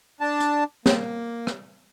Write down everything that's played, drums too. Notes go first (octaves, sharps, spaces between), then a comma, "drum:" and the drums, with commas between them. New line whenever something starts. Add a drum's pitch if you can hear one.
D4 A5
drum: hi-hat
A#3, drum: snare
drum: rim click